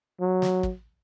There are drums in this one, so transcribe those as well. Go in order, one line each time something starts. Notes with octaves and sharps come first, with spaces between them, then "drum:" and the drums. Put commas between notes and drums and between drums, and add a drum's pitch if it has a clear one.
F#3
drum: snare
drum: kick